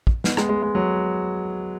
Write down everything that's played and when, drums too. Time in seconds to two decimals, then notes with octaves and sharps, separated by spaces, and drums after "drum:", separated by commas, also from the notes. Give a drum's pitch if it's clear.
0.07 drum: kick
0.24 B3, drum: snare
0.37 G#3, drum: rim click
0.49 G#3
0.62 G#3
0.75 F#3